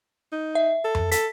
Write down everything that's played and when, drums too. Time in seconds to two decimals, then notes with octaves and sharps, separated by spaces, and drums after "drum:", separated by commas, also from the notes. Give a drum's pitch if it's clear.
0.32 D#4
0.55 E5
0.84 A4
0.95 drum: tom F2
1.11 A4 B6, drum: hi-hat